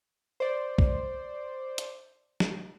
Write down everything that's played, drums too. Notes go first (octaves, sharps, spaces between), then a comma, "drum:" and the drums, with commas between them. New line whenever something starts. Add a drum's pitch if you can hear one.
C5 D5
drum: kick
drum: hi-hat
drum: snare